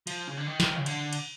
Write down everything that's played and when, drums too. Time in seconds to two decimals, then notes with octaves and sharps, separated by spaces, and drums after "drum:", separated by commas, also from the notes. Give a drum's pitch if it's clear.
0.07 F3, drum: cymbal
0.28 C#3
0.37 D3
0.47 D#3
0.60 drum: snare
0.76 C#3
0.86 D3, drum: cymbal
1.13 drum: cymbal